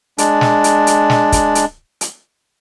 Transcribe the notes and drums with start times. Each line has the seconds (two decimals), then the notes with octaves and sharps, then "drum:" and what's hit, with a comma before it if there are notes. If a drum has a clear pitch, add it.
0.18 G#3 D4, drum: hi-hat
0.41 drum: snare
0.64 drum: hi-hat
0.87 drum: hi-hat
1.10 drum: snare
1.32 drum: kick, hi-hat
1.55 drum: hi-hat
2.01 drum: hi-hat